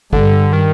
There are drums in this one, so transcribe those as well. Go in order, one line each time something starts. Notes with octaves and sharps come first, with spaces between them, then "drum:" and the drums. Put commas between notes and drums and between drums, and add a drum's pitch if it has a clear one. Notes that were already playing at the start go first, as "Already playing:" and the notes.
G2 D3, drum: kick G#1
D#3